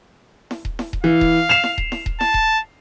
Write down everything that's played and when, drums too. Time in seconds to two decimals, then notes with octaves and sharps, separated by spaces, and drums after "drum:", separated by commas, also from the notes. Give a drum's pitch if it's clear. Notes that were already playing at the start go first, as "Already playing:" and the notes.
0.51 drum: snare E4
0.65 drum: kick D#1
0.79 drum: snare E4
0.93 drum: kick D#1
1.04 E3 F5
1.21 drum: kick D#1
1.49 C7 E7 F7
1.64 drum: snare E4
1.78 drum: kick D#1
1.92 drum: snare E4
2.06 drum: kick D#1
2.21 A5, drum: snare E4
2.34 drum: kick D#1